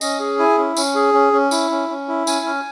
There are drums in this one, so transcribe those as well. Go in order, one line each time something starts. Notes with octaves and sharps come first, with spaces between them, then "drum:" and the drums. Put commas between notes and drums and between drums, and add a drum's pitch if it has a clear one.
C#4 D#5, drum: tambourine
G#4
E4 G#5
C#4
C#4, drum: tambourine
G#4
C#4
C#4
E4, drum: tambourine
C#4
C#4
E4
C#4 G#5, drum: tambourine
C#4